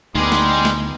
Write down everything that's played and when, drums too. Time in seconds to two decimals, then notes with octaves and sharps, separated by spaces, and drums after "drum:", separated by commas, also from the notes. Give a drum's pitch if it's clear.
0.15 D2 G3 G#3 B3 D#4 G#4 C6
0.32 drum: snare
0.65 drum: snare